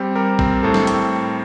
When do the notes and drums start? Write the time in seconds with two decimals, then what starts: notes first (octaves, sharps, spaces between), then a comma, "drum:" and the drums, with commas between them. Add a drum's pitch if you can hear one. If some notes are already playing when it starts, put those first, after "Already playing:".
Already playing: G3 C4 G4
0.15 G3 A#4
0.39 C4, drum: kick
0.63 A2 A4
0.74 drum: snare
0.87 A2, drum: hi-hat